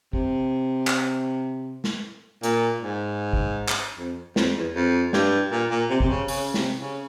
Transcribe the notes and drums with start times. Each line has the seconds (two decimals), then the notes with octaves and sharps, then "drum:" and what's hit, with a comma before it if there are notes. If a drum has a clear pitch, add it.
0.13 C3, drum: kick
0.87 drum: clap
1.84 drum: snare
2.43 A#2, drum: hi-hat
2.83 G#2
3.33 drum: kick
3.68 drum: clap
3.98 F2
4.36 F2, drum: snare
4.56 E2
4.75 F2
5.13 G2, drum: snare
5.52 A#2
5.71 A#2
5.90 C3
6.00 C3, drum: kick
6.10 C#3
6.28 C#3, drum: open hi-hat
6.54 C3, drum: snare
6.79 C#3